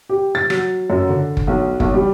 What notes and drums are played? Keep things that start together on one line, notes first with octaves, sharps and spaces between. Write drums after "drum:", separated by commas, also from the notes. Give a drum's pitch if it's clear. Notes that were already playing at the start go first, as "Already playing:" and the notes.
G4
A6
F#3, drum: rim click
F#2
D3
drum: kick
B1
B1, drum: kick
G3